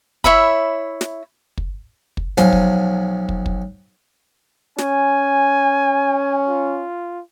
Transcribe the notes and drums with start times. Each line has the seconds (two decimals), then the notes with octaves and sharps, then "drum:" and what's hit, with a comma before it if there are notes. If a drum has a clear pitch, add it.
0.24 E4 C#5 E5 B5, drum: kick
1.01 drum: snare
1.58 drum: kick
2.17 drum: kick
2.38 B1 F3 F#3 G#5, drum: snare
2.53 drum: kick
3.29 drum: kick
3.46 drum: kick
4.78 C#4 G#5, drum: snare
6.48 F4